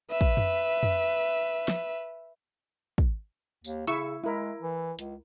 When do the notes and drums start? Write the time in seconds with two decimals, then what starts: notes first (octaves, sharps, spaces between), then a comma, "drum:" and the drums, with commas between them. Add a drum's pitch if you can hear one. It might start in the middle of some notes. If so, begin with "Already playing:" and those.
0.10 B4 E5
0.21 drum: kick
0.37 drum: tom F2
0.83 drum: tom F2
1.68 drum: snare
2.98 drum: kick
3.64 D#2, drum: tambourine
3.87 C#3 E4 C#6 E6, drum: hi-hat
4.24 G#3 E4 A#4
4.62 E3
4.99 C#2, drum: hi-hat